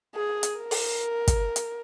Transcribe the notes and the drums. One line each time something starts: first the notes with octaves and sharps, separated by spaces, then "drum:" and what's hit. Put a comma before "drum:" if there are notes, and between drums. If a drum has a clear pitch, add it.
G#4
drum: hi-hat
A#4
drum: open hi-hat
drum: kick, hi-hat
drum: hi-hat